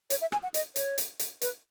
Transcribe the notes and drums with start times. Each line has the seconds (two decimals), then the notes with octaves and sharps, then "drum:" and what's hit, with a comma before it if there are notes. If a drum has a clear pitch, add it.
0.10 C#5, drum: hi-hat
0.21 E5
0.32 G#5, drum: rim click
0.43 F#5
0.54 D#5, drum: hi-hat
0.76 C#5, drum: hi-hat
0.98 drum: hi-hat
1.19 drum: hi-hat
1.42 B4, drum: hi-hat